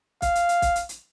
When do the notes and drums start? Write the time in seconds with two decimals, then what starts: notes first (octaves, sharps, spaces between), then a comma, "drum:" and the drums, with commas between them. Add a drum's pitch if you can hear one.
0.22 F5, drum: kick, hi-hat
0.35 drum: hi-hat
0.49 drum: hi-hat
0.62 drum: kick, hi-hat
0.76 drum: hi-hat
0.89 drum: hi-hat